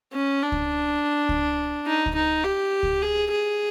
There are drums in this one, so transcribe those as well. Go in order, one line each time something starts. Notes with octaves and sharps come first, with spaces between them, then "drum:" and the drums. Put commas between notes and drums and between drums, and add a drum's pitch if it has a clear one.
C#4
D4
drum: kick C#2
drum: kick C#2
D#4
drum: kick C#2
D#4
G4
drum: kick C#2
G#4
G#4